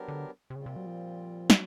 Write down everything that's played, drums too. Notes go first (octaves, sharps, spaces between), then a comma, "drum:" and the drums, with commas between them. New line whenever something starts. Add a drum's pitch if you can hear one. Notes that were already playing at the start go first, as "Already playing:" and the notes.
Already playing: F#3 B3 D4 G4 A#4
D3
C3
A#2 C#3 G3 C4 F4
C3
F#3
F3
F#3, drum: snare